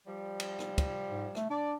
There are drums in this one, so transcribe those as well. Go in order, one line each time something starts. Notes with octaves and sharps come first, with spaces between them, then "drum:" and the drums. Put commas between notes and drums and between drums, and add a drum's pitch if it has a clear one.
F3 G3
drum: cymbal
drum: rim click
drum: kick, cymbal
G#2
A3, drum: rim click
D4 D5